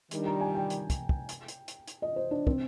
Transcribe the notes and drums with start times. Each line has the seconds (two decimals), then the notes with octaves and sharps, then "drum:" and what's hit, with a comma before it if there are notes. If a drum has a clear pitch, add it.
0.11 D#3 G3 D4, drum: hi-hat
0.26 A#5
0.40 G#5
0.55 G5
0.70 drum: hi-hat
0.90 drum: kick, hi-hat
1.09 drum: kick
1.29 drum: hi-hat
1.48 drum: hi-hat
1.68 drum: hi-hat
1.88 drum: hi-hat
2.02 D#5
2.16 C5
2.31 D4
2.47 C4, drum: kick